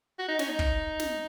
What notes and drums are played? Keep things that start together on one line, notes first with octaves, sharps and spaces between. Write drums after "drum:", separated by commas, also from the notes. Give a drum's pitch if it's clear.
F#4
D#4
C#4, drum: snare
D#4
drum: kick
drum: snare